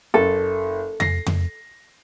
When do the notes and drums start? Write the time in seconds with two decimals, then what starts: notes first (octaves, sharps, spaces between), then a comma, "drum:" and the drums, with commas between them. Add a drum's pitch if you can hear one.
0.14 F#1 A4
1.00 A#6 C7, drum: tom F2
1.26 drum: tom F2